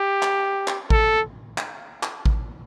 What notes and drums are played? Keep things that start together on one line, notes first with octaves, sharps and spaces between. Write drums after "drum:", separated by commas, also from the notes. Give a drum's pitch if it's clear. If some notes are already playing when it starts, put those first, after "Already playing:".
Already playing: G4
drum: clap
drum: clap
A4, drum: kick A1
drum: clap
drum: clap
drum: kick A1